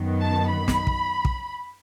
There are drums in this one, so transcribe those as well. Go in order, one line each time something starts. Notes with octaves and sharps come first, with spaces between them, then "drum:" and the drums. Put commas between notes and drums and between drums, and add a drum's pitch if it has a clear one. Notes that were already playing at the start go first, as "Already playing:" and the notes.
Already playing: F#2 D#3 F#3 B3
A5
B5
drum: snare
drum: kick
drum: kick